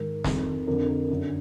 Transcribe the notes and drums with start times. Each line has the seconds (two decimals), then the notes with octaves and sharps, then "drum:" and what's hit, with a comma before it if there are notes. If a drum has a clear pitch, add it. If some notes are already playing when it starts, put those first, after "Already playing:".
Already playing: G#2 D#3 A#4
0.24 F2 D#3, drum: snare
0.67 F2 D3 A#4
0.89 A#4
1.10 F#2 D3